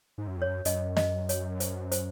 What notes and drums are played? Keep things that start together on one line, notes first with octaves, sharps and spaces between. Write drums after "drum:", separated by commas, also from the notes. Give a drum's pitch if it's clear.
G#2
F#2
F2
F#2 C#5
F#2 D#5, drum: hi-hat
D#5, drum: snare
C#5, drum: hi-hat
C5, drum: hi-hat
C5, drum: hi-hat